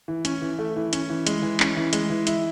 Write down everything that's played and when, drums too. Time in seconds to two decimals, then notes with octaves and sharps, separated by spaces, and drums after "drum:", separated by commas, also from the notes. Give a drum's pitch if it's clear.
0.08 E3
0.25 C#4, drum: hi-hat
0.42 E3
0.59 A3
0.76 E3
0.93 C#4, drum: hi-hat
1.10 E3
1.27 G#3, drum: hi-hat
1.42 E3
1.60 C#4, drum: clap
1.77 E3
1.93 G#3, drum: hi-hat
2.10 E3
2.27 E4, drum: hi-hat